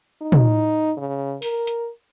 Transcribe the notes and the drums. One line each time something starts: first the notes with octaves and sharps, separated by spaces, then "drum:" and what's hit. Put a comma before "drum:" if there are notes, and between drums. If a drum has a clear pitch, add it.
D#4
drum: tom
C#3
A#4, drum: open hi-hat
drum: hi-hat